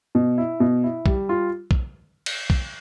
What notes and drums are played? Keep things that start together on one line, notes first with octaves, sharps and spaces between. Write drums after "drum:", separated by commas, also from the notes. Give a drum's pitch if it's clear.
B2
E4
B2
E4
G3, drum: kick B1
F4
drum: kick B1
drum: cymbal
drum: kick B1